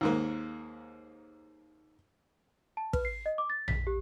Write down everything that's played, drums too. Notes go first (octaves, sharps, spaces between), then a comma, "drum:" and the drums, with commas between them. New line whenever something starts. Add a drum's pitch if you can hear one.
D#2 G#2 A#3
A5
B4, drum: kick
C7
D#5
D6
A6
B6, drum: tom A#1
G4